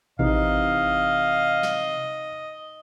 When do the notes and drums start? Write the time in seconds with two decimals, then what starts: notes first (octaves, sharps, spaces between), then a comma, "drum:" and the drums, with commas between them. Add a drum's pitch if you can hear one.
0.19 C3 E3 D#4 D#5 F5, drum: kick A1
1.63 drum: snare